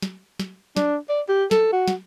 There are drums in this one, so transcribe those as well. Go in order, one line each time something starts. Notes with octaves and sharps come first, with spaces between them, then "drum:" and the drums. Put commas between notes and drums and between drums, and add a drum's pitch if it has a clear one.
drum: snare
drum: snare
D4, drum: snare
D5
G4
A4, drum: snare
F#4
drum: snare